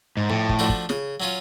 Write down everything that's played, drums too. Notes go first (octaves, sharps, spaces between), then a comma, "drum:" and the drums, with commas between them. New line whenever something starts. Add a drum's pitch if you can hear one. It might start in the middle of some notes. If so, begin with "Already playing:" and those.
G#2
F2 A2
drum: kick
F3 A3 D4 F#4
drum: kick
C#3, drum: snare
F#3 C#4 F4